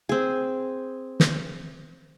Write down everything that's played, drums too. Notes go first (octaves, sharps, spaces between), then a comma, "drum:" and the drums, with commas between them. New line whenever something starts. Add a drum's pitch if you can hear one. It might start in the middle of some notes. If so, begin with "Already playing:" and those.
C4 G#4
drum: snare